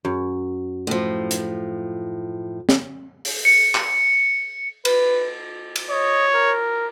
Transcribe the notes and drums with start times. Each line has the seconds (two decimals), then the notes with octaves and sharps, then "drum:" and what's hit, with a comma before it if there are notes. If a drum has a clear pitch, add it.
0.05 F#2
0.87 A2 F3
1.31 drum: hi-hat
2.69 drum: snare
3.25 drum: open hi-hat
3.45 C#7
3.75 drum: clap
4.85 B4, drum: cymbal
5.76 drum: cymbal
5.90 C#5 D#5
6.35 A#4